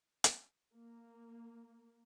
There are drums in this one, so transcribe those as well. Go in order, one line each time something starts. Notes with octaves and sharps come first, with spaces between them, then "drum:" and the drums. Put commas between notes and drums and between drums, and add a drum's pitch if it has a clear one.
drum: hi-hat
A#3